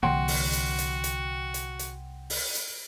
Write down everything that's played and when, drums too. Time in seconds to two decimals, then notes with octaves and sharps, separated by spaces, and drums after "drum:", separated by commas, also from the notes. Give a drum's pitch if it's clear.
0.03 C2 D3 E3 A#3 F#4 F#5 G5 C6
0.28 drum: open hi-hat
0.53 drum: hi-hat
0.78 drum: hi-hat
1.04 drum: hi-hat
1.54 drum: hi-hat
1.79 drum: hi-hat
2.30 drum: open hi-hat
2.55 drum: hi-hat